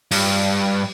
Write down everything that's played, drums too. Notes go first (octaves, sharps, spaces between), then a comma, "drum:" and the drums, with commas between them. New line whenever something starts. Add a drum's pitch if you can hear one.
G2, drum: open hi-hat